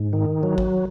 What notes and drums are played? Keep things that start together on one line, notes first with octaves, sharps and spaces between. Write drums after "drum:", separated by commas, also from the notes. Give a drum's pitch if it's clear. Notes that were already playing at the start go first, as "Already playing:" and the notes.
Already playing: G#2
D#3
F#3
drum: kick